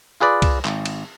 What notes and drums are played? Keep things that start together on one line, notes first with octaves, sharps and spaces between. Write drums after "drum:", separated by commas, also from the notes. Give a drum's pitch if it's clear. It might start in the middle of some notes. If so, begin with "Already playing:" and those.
F4 G#4 B4 D5
drum: kick C2, cymbal
G#1, drum: clap
drum: cymbal